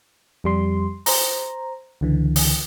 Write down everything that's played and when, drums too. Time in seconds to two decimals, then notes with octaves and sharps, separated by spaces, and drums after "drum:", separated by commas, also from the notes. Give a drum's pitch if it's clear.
0.44 F2 G3 C6
1.06 C5 A#5, drum: open hi-hat
2.01 C#2 D3 E3
2.36 drum: open hi-hat